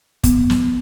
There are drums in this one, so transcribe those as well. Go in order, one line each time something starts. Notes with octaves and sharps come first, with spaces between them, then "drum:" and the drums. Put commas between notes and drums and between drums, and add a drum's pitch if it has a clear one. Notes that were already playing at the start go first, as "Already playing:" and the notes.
B3, drum: kick, hi-hat
drum: snare